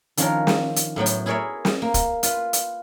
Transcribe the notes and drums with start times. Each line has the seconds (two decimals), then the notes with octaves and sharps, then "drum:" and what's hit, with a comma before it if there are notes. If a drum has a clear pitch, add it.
0.17 D#3 F3 C#4 D4 F4 A#4, drum: hi-hat
0.47 drum: snare
0.76 drum: hi-hat
0.96 A2 F#3 B3 G5
1.06 drum: hi-hat
1.26 E4 G#4 A#4 C#5 D5 E5
1.65 drum: snare
1.82 A#3
1.94 drum: kick, hi-hat
2.23 F4 B4, drum: hi-hat
2.53 drum: hi-hat